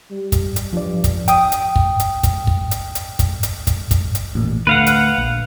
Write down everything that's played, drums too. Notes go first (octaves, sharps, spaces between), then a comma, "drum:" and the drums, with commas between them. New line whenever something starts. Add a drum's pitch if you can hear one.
G3
drum: kick, hi-hat
drum: hi-hat
G2 F3 D5
drum: kick, hi-hat
G5 D#6, drum: hi-hat
drum: hi-hat
drum: kick
drum: hi-hat
drum: kick, hi-hat
drum: kick
drum: hi-hat
drum: hi-hat
drum: kick, hi-hat
drum: hi-hat
drum: kick, hi-hat
drum: kick, hi-hat
drum: hi-hat
A1 A#2
D2 A3 B4 F5 F#5
drum: hi-hat
A#1